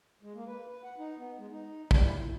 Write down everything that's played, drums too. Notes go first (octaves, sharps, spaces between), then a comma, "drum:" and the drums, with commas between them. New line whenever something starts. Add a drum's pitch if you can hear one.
G#3
A#3
B4
B4
F#5
D#4
B3
G#3
D#4
G3, drum: kick
E4
A#2